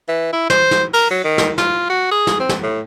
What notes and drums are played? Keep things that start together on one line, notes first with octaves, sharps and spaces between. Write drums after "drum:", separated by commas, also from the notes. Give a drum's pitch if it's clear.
E3
E4
C5, drum: snare
drum: snare
A#4, drum: cymbal
F#3
D#3
drum: snare
F4, drum: snare
F#4
G#4
drum: snare
C4
drum: snare
A2